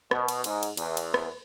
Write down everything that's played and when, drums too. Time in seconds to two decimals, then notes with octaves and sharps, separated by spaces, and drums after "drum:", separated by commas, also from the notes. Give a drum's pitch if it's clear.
0.11 B2, drum: rim click
0.28 drum: cymbal
0.44 G#2, drum: cymbal
0.63 drum: cymbal
0.77 E2, drum: cymbal
0.97 drum: cymbal
1.14 drum: rim click